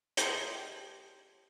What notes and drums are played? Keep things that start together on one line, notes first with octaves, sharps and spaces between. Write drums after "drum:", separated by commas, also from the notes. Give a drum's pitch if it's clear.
G4 C5 G5 A5 C6 D#6, drum: hi-hat